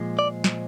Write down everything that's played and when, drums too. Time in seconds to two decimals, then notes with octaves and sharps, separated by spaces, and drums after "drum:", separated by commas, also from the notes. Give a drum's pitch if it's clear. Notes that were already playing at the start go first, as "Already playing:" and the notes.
Already playing: A#2 F3 G#3
0.19 D5
0.44 drum: snare